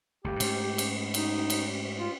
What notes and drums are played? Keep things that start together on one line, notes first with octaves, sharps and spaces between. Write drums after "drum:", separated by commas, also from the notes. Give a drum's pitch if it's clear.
G1 D2 G4
G#2 A3, drum: cymbal
drum: cymbal
D#4, drum: cymbal
drum: cymbal
F4